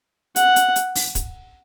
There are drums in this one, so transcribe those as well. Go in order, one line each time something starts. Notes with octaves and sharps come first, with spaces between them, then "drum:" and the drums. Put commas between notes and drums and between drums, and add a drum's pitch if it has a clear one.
F#5, drum: hi-hat
drum: hi-hat
drum: hi-hat
drum: open hi-hat
drum: kick, hi-hat